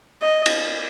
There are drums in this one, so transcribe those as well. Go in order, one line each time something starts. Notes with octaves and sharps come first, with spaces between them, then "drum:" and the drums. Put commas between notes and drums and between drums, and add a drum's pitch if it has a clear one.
D#5
drum: cymbal